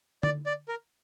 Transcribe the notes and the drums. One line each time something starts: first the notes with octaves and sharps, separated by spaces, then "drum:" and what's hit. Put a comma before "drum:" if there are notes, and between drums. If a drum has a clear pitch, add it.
D5, drum: tom D3
D5
A#4